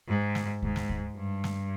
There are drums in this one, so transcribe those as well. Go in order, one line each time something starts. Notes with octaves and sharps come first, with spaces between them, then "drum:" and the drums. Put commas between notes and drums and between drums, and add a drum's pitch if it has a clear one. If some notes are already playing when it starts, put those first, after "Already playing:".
G#2
drum: snare
G#2, drum: kick D2
drum: snare
drum: kick D2
G2
drum: snare